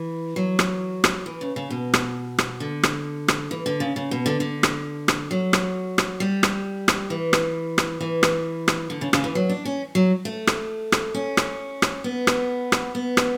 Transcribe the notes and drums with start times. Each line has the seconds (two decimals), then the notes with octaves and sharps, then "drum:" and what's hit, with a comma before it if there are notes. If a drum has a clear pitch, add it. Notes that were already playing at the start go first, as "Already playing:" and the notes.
Already playing: E3
0.36 F#3
0.59 drum: rim click
1.04 drum: rim click
1.26 E3
1.41 C#3
1.56 C#3
1.70 B2
1.94 drum: rim click
2.38 drum: rim click
2.60 D3
2.83 drum: rim click
3.28 drum: rim click
3.51 E3
3.66 D3
3.80 C#3
3.96 C#3
4.11 B2
4.26 D3
4.40 D3
4.63 drum: rim click
5.08 drum: rim click
5.31 F#3
5.53 drum: rim click
5.98 drum: rim click
6.20 G3
6.43 drum: rim click
6.88 drum: rim click
7.10 E3
7.33 drum: rim click
7.78 drum: rim click
8.01 E3
8.23 drum: rim click
8.68 drum: rim click
8.90 D3
9.01 C#3
9.13 C#3, drum: rim click
9.24 E3
9.35 F#3
9.49 D4
9.65 C#4
9.95 F#3
10.25 A3
10.47 drum: rim click
10.92 drum: rim click
11.14 C#4
11.37 drum: rim click
11.82 drum: rim click
12.04 B3
12.27 drum: rim click
12.72 drum: rim click
12.95 B3
13.17 drum: rim click